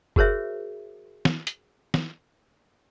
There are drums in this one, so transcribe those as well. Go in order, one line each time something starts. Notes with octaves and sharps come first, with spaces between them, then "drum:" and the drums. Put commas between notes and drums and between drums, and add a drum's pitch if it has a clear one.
F#4 G#4 A#4 C5 C#5 E5, drum: kick F#1
drum: snare
drum: hi-hat
drum: snare